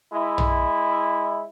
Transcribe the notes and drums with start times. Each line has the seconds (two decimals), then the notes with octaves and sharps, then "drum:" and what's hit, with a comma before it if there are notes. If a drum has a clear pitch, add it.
0.13 G#3 E4
0.38 drum: tom